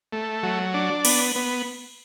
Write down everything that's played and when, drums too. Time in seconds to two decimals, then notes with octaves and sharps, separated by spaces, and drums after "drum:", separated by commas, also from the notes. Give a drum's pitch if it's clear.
0.13 A3
0.43 F#3
0.74 D4
1.05 B3, drum: cymbal
1.36 B3